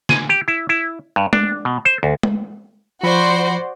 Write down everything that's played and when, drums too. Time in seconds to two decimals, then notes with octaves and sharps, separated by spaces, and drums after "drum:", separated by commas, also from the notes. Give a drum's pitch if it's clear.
0.09 G#5, drum: snare
0.29 G4
0.48 E4
0.69 E4
1.16 G2
1.33 D4, drum: tom G#3
1.65 B2
1.85 C5
2.03 D2
2.23 drum: tom G#3
3.03 F3 F#4 C5 D5 B5